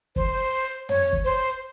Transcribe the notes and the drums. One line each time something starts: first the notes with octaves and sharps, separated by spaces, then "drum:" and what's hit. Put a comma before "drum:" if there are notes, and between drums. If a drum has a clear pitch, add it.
C5, drum: kick
C#5, drum: tom
drum: kick
C5